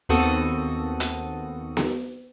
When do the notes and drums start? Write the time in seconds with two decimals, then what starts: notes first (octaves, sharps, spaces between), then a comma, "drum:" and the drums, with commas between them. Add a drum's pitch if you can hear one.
0.09 D#2 B3 C4 F#4 A4 D#6
1.00 drum: hi-hat
1.77 drum: snare B3